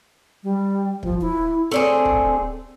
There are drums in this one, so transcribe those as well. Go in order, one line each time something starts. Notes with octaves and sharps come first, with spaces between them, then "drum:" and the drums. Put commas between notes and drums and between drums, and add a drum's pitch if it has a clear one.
G3
F3, drum: kick
E4
A3 C4 D4 G#4
drum: kick